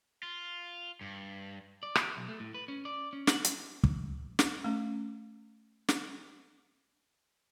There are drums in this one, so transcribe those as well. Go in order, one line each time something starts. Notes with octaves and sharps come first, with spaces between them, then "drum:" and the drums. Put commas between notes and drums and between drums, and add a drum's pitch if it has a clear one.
F4
G2
D5
G4, drum: rim click
B1
A3
A2
B4
C#4
D5
C#4
F#5, drum: snare
drum: hi-hat
drum: kick
drum: snare
A3 C#4
drum: snare